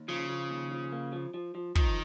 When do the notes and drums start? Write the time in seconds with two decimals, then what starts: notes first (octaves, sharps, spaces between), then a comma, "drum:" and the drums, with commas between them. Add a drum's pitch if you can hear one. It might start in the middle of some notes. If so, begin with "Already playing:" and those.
Already playing: D#2
0.08 C#3 F3
0.30 F3
0.50 D#2
0.71 F3
0.92 A#3
1.13 F3
1.34 F3
1.55 F3
1.75 D#3 F3, drum: kick